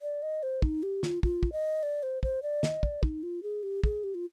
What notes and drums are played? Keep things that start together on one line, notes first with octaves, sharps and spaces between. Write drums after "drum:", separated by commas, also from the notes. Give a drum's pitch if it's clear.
D5
D#5
C5
D#4, drum: kick
G4
F4, drum: snare
F4, drum: kick
drum: kick
D#5
D5
C5
C5, drum: kick
D5
D#5, drum: snare
D5, drum: kick
D#4, drum: kick
F4
G#4
G4
G#4, drum: kick
G4
F4